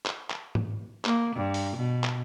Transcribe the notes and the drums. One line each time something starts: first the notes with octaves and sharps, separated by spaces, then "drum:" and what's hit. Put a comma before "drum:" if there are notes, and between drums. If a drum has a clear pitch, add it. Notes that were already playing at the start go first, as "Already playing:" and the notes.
drum: clap
drum: clap
drum: tom G#2
A#3, drum: clap
G2
drum: open hi-hat
B2
drum: clap